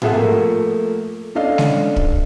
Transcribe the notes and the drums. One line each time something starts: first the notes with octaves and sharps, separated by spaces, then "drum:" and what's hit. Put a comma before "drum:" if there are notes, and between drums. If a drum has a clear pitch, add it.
C4 F4 G#4 A4 E5 F#5, drum: tom G#2
F3 A3 A#3
C#4 D4 A4 D#5 F5
drum: snare
drum: kick